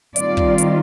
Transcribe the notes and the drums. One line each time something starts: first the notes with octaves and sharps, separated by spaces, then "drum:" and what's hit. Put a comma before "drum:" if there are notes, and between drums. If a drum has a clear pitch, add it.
D#3 G3 C4 F4 D5, drum: hi-hat
drum: kick
drum: hi-hat